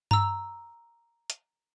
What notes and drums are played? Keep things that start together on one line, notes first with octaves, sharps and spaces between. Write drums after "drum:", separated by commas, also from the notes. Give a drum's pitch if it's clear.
A#5 E6, drum: tom G2
drum: hi-hat